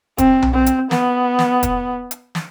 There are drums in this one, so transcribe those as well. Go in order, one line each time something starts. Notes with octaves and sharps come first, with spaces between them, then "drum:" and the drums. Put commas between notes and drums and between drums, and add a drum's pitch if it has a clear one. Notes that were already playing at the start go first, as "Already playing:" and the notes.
C4, drum: kick, hi-hat
drum: tom B1
C4
drum: hi-hat
B3, drum: snare
drum: snare
drum: kick, hi-hat
drum: hi-hat
drum: snare